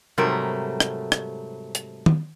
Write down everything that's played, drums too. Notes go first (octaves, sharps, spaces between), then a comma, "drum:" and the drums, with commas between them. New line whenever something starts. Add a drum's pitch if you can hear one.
G#2 C3 F#3 G3 A3 A#4
drum: rim click
drum: rim click
drum: hi-hat
drum: tom D#3